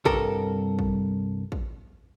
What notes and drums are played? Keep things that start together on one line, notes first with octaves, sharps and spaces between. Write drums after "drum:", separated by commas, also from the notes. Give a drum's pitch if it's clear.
C2 G2 A4 A#4, drum: kick
drum: kick
drum: kick